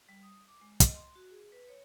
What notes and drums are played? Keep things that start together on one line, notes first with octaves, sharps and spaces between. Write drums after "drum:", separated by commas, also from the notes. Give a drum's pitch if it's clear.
G3
D#6
D6
G#3
D#5, drum: kick, hi-hat
C6
F#4
G#4
B4
C#5